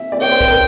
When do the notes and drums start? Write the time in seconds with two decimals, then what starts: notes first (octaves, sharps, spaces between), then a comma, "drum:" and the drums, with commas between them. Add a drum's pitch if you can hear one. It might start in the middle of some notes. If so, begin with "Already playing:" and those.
Already playing: E5
0.12 D5
0.21 C#5 G5
0.31 C5
0.41 B4, drum: kick B1
0.50 A#4